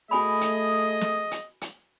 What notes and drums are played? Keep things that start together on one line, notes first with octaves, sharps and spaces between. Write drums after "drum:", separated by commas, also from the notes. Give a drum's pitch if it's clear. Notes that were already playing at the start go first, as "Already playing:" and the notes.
A3 F#4 G#4 D#5 G#5 B5
drum: hi-hat
drum: snare
drum: hi-hat
drum: hi-hat